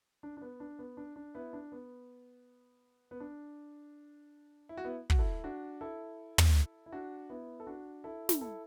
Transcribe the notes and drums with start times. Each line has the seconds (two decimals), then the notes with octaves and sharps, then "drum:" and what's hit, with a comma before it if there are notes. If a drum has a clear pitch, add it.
0.23 D4
0.37 D4
0.42 B3
0.60 D4
0.79 B3
0.97 D4
1.16 D4
1.35 B3 E4
1.53 D4
1.72 B3
3.11 B3
3.20 D4
4.69 E4
4.77 F#4
4.84 B3 E4
5.10 F#4, drum: kick
5.19 E4 A4
5.44 D4 F#4
5.81 E4 A4
6.38 drum: tom
6.86 E4
6.92 D4 F#4
7.30 B3 E4
7.60 A4
7.67 D4 F#4
8.04 E4 A4
8.29 drum: snare
8.41 E4 A4